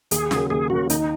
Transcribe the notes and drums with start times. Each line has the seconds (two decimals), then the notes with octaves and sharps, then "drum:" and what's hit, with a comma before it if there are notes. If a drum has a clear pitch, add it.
0.11 D#2 G#4, drum: hi-hat
0.31 C#3 F#3 A#3, drum: snare
0.50 D#2 G#4
0.70 C#3 F#3 A#3 F#4
0.90 D#2 D#4, drum: hi-hat